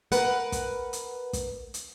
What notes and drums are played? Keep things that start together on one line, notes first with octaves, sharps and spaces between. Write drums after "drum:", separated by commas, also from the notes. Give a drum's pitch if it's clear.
A#4 B4 F#5, drum: hi-hat
drum: kick, hi-hat
drum: hi-hat
drum: kick, hi-hat
drum: hi-hat